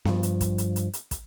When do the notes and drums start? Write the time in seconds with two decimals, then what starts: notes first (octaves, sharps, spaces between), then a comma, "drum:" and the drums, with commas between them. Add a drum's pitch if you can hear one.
0.05 G2 F3, drum: snare B3
0.23 drum: hi-hat
0.41 drum: kick, hi-hat
0.58 drum: hi-hat
0.76 drum: hi-hat
0.93 drum: hi-hat
1.11 drum: kick, hi-hat